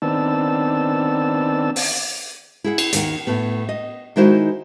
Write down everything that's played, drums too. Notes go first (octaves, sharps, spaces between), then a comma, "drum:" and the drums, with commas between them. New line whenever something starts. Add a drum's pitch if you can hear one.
D#3 B3 C4 D4 A5 E6
drum: open hi-hat
E4 G#4 F#5
drum: cymbal
D#2 D#3 F#5, drum: hi-hat
A2 A3 B3
D#5
D#3 G#3 D#4 E4 F#4 C5